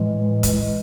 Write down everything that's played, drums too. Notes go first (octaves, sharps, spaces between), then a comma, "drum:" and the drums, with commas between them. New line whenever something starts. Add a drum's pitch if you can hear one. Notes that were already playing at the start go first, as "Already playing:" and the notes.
Already playing: A2 E3 G#3
drum: kick, hi-hat